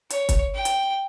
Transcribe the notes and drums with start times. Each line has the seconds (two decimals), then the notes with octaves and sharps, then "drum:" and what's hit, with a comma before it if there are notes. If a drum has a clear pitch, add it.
0.10 C#5, drum: hi-hat
0.29 drum: kick, hi-hat
0.54 G5
0.65 drum: hi-hat